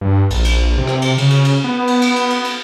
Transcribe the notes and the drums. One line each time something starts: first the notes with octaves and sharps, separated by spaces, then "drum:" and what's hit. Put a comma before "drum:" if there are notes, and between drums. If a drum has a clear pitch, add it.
G2
A#1, drum: cymbal
drum: cymbal
C3
drum: rim click
drum: cymbal
C#3, drum: cymbal
drum: cymbal
drum: cymbal
B3
drum: cymbal
drum: cymbal
drum: cymbal
drum: cymbal
drum: cymbal